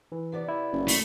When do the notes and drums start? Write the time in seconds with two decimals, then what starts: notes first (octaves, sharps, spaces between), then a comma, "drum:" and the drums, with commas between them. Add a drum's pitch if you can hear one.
0.12 E3
0.32 C3 B3 D5
0.48 E4
0.72 F#1
0.88 A3, drum: open hi-hat